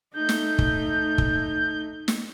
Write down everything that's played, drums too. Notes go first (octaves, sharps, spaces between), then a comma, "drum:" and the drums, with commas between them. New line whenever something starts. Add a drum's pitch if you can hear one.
A3 D#4 G6
drum: snare
drum: kick
drum: kick
drum: snare